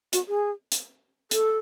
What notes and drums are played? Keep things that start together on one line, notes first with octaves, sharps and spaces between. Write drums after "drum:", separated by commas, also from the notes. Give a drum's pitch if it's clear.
F#4, drum: hi-hat
G#4
drum: hi-hat
A4, drum: hi-hat